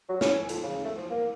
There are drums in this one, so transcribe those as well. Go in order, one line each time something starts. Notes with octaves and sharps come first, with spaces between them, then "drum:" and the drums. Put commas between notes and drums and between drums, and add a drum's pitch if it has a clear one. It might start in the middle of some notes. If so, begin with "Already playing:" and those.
F#3
C#4, drum: snare
G#5
F2, drum: hi-hat
C#3
A3
F3
A#3